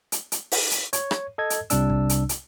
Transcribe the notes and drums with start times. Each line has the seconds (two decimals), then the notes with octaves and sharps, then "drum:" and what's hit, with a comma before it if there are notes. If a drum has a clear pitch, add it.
0.12 drum: hi-hat
0.32 drum: hi-hat
0.51 drum: open hi-hat
0.71 drum: hi-hat
0.93 C#5, drum: hi-hat
1.11 drum: rim click
1.38 A4 D#5 G#6
1.50 drum: hi-hat
1.70 C2 C3 G3 D4 E6, drum: hi-hat
1.90 drum: kick
2.09 drum: hi-hat
2.29 drum: hi-hat